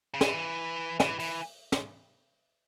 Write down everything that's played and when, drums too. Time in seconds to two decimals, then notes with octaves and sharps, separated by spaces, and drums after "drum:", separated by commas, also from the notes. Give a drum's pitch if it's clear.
0.14 C#3
0.21 E3, drum: snare
1.00 E3, drum: snare
1.19 E3, drum: open hi-hat
1.72 drum: snare